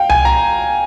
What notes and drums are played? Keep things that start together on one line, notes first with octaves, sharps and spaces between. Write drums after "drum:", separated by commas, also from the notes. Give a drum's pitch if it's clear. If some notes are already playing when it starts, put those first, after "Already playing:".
Already playing: F5 G5
G#5, drum: tom C2
A#5